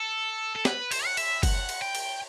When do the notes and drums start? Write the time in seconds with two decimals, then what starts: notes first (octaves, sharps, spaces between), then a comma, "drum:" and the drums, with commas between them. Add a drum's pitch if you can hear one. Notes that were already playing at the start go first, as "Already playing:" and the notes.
Already playing: A4
0.56 A4
0.65 B4, drum: snare
0.91 C5, drum: cymbal
1.05 F#5
1.17 E5, drum: cymbal
1.43 F#5, drum: kick F#1, cymbal
1.69 drum: cymbal
1.82 G5
1.95 drum: cymbal